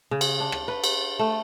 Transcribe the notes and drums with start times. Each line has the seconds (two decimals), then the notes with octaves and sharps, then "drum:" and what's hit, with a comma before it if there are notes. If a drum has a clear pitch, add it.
0.11 C#3
0.21 drum: cymbal
0.40 D4
0.52 drum: rim click
0.68 B4
0.84 drum: cymbal
1.19 A3